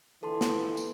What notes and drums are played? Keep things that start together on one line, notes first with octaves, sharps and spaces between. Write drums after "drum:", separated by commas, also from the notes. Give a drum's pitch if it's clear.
A#2 D3 E3 A4 A5 C6
drum: snare
drum: tambourine